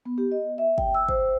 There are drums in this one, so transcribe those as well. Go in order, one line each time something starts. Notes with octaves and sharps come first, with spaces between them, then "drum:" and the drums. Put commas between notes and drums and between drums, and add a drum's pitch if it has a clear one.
B3
G4
D#5
E5
G5, drum: kick
E6
C5, drum: kick